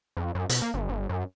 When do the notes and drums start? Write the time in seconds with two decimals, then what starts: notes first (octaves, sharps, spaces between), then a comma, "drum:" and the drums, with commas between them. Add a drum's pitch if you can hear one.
0.17 F2
0.35 F#2
0.49 B2, drum: hi-hat
0.62 A#3
0.74 G1
0.89 G1
1.09 F#2